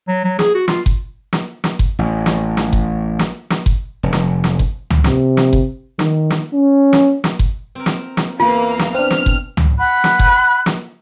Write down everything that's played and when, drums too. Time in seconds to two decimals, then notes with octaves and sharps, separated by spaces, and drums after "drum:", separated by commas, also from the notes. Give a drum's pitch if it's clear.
0.08 F#3
0.24 F#3
0.39 G#4, drum: snare
0.55 F#4
0.68 F4, drum: snare
0.86 drum: kick F#1
1.33 drum: snare
1.64 drum: snare
1.79 drum: kick F#1
1.99 A1
2.26 drum: snare
2.57 drum: snare
2.73 drum: kick F#1
3.19 drum: snare
3.50 drum: snare
3.66 drum: kick F#1
4.03 F1
4.13 drum: snare
4.44 drum: snare
4.59 drum: kick F#1
4.90 drum: tom
5.04 C3, drum: snare
5.37 drum: snare
5.53 drum: kick F#1
5.99 D#3, drum: snare
6.30 drum: snare
6.54 C#4
6.93 drum: snare
7.24 drum: snare
7.39 drum: kick F#1
7.75 C4 A#4
7.86 drum: snare
8.17 drum: snare
8.40 E2 E3 A#3 F4
8.79 drum: snare
8.95 C4 D4 B4 F6
9.11 drum: snare
9.26 drum: kick F#1
9.57 drum: tom
9.78 F#5 B5 F#6
10.04 drum: snare
10.19 drum: kick F#1
10.66 drum: snare